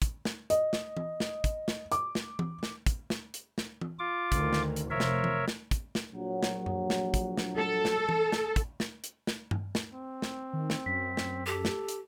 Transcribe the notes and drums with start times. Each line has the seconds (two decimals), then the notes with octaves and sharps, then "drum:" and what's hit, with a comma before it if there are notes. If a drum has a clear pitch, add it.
0.02 drum: kick, hi-hat
0.25 drum: snare
0.50 D#5, drum: hi-hat
0.73 drum: snare
0.97 drum: tom E3
1.20 drum: snare
1.44 drum: kick, hi-hat
1.68 drum: snare
1.92 D6, drum: hi-hat
2.15 drum: snare
2.39 drum: tom E3
2.63 drum: snare
2.86 drum: kick, hi-hat
3.10 drum: snare
3.34 drum: hi-hat
3.58 drum: snare
3.81 drum: tom E3
3.99 F4 D6
4.32 D2 D#3, drum: kick, hi-hat
4.53 drum: snare
4.76 drum: hi-hat
4.91 F1 F3 A#4 C#5 E5
5.00 drum: snare
5.24 drum: tom E3
5.48 drum: snare
5.71 drum: kick, hi-hat
5.95 drum: snare
6.13 A#1 F#3
6.43 drum: snare
6.66 drum: tom F#2
6.90 drum: snare
7.14 drum: kick, hi-hat
7.37 drum: snare
7.56 A4
7.85 drum: snare
8.09 drum: tom E3
8.32 drum: snare
8.56 drum: kick, hi-hat
8.80 drum: snare
9.04 drum: hi-hat
9.27 drum: snare
9.51 drum: tom G2
9.75 drum: snare
9.93 C4
10.22 drum: snare
10.53 D#3
10.70 drum: snare
10.86 F#2 B6
11.17 drum: snare
11.46 G4 A4
11.65 drum: snare
11.88 drum: hi-hat